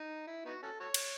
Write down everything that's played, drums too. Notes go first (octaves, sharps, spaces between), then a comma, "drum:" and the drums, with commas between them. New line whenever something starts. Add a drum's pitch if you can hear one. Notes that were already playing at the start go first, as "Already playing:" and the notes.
Already playing: D#4
E4
B3 D#4 F#4
C#4 F#4 A4
F#4 A4 C#5
drum: cymbal